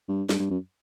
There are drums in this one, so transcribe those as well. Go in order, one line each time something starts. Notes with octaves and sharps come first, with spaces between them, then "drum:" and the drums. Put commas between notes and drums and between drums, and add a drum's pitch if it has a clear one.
G2
G2, drum: snare
G2
F#2